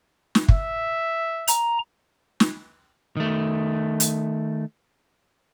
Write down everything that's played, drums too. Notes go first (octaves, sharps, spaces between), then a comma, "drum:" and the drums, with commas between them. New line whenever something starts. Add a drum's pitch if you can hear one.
drum: snare
E5, drum: kick
A#5, drum: hi-hat
drum: snare
D#3 A3
drum: hi-hat